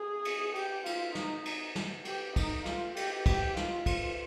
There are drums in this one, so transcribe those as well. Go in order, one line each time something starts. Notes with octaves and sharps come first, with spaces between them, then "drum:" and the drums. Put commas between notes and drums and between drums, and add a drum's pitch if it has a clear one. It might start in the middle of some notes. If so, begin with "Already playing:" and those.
Already playing: G#4
drum: cymbal
G4, drum: cymbal
F4, drum: cymbal
D#4, drum: snare
drum: cymbal
drum: snare
G4, drum: cymbal
D#4, drum: kick, cymbal
F4, drum: snare
G4, drum: cymbal
G4, drum: kick, cymbal
F4, drum: snare
drum: kick, cymbal